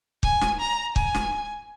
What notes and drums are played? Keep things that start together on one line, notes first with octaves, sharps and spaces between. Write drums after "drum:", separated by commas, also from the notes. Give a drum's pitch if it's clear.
G#5, drum: kick
drum: snare
A#5
G#5, drum: kick
drum: snare